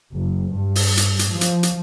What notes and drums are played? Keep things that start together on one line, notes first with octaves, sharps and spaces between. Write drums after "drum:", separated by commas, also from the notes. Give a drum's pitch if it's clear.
F#1
G2
drum: open hi-hat
drum: hi-hat
drum: hi-hat
F3
drum: hi-hat
drum: hi-hat